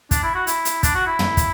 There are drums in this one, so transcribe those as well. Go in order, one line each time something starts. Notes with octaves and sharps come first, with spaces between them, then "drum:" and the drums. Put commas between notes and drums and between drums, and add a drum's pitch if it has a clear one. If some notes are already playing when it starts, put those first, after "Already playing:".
D4, drum: kick, hi-hat
E4
F#4
E4, drum: hi-hat
drum: hi-hat
D4, drum: kick, hi-hat
F#4
E4
drum: tom
drum: kick, hi-hat